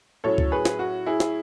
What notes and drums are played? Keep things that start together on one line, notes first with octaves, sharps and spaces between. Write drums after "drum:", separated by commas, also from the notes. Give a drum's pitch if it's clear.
A2 F#3 C#4 A4 C#5
drum: kick C#2
G#4 B4
drum: snare
F#4
E4 G#4
drum: snare